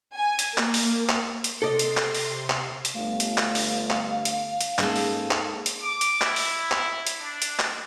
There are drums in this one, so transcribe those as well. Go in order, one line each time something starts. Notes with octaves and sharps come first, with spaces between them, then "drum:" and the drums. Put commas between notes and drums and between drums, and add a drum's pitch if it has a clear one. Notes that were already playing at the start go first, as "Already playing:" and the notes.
G#5
drum: hi-hat
A#3, drum: clap
drum: open hi-hat
drum: clap
drum: hi-hat
C3 A4 D5 D#5 C6
drum: hi-hat
drum: clap
drum: open hi-hat
drum: clap
drum: hi-hat
G1 A3 F5
drum: hi-hat
drum: clap
drum: open hi-hat
drum: clap
drum: hi-hat
drum: hi-hat
G#2 G#3 A#3 C#4 D#4 G#4 A4, drum: clap
drum: open hi-hat
drum: clap
drum: hi-hat
D6
drum: hi-hat
E4, drum: clap
drum: open hi-hat
drum: clap
drum: hi-hat
D4
drum: hi-hat
drum: clap